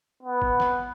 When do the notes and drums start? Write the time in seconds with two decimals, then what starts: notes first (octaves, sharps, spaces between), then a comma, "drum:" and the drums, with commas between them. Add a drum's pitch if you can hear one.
0.23 B3
0.42 drum: kick
0.60 drum: snare